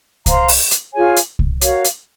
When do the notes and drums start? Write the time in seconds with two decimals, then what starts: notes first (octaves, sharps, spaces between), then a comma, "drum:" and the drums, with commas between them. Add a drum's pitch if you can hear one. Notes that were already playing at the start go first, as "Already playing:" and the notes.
0.26 C5 F5 A#5, drum: kick C2, hi-hat
0.48 drum: open hi-hat
0.71 drum: hi-hat
0.93 F4 G#4 C#5 G#5
1.16 drum: hi-hat
1.39 drum: kick C2
1.61 F#4 A#4 C#5 F5, drum: hi-hat
1.84 drum: hi-hat